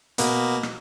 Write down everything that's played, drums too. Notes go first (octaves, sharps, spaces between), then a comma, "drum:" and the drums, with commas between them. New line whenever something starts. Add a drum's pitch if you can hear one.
B2 A#3 B3, drum: hi-hat
drum: rim click